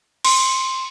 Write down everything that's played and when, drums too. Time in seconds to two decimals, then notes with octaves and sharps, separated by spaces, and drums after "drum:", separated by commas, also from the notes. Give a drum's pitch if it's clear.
0.25 C6, drum: cymbal